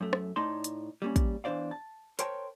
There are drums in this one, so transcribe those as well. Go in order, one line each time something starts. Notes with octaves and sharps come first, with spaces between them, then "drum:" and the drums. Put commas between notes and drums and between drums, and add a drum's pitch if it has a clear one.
F#2 A3
drum: rim click
A2 A3 D#4 D5 A5 C6
drum: hi-hat
G3 A#3 C#4
drum: kick, hi-hat
E2 E3 D4 C5 D5 F5
A5
A#4 C5 C#5 G5 A5, drum: hi-hat